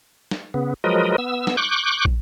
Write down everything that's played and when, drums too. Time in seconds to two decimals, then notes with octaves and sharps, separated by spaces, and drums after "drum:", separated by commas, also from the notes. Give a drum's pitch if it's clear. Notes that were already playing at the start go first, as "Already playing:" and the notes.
0.31 drum: snare
0.54 C#3 B3
0.84 F3 F#3 G#3 A#4 B4 D#5
1.18 B3 E6
1.47 drum: snare
1.57 C#6 D6 F#6 G6
2.05 drum: kick